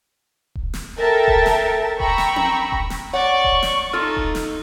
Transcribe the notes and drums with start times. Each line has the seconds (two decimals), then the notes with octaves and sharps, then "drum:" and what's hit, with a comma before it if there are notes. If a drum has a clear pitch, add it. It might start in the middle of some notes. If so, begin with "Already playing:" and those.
0.55 drum: kick D#1
0.74 drum: snare
0.98 A4 A#4 E5 G5 A5
1.28 drum: kick D#1
1.46 drum: snare
2.00 G5 A#5 B5 C#6 E6, drum: kick D#1
2.18 drum: snare
2.36 drum: tom C4
2.72 drum: kick D#1
2.90 drum: snare
3.13 C#5 D5 F#5 C#6
3.44 drum: kick D#1
3.62 drum: snare
3.93 D#4 F4 A4 F6
4.17 drum: kick D#1
4.35 drum: snare